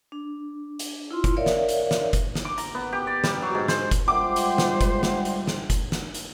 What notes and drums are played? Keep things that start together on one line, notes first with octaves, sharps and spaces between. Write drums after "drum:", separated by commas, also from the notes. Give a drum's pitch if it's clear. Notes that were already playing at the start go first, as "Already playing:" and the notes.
D4
drum: hi-hat
E4 F4 C6
drum: kick F#1, hi-hat
A#4 C#5 D5 E5 F5
drum: snare
drum: hi-hat
drum: snare
drum: kick F#1, hi-hat
drum: snare
D6
A#5, drum: hi-hat
B3
G4
D5
G3, drum: snare
F#3
G#2
C5, drum: snare
drum: kick F#1, hi-hat
G3 G#3 F4 C5 E5 F#5 G5 D6
drum: hi-hat
drum: snare
drum: kick F#1, hi-hat
drum: snare
drum: hi-hat
drum: snare
drum: kick F#1, hi-hat
drum: snare
drum: hi-hat